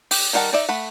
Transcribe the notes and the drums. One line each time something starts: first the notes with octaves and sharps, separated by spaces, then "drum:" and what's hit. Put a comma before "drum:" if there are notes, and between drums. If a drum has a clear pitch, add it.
G4, drum: open hi-hat
D#3 G3 A#4 F#5 A5
D#4 D5 E5
A3 F#5 B5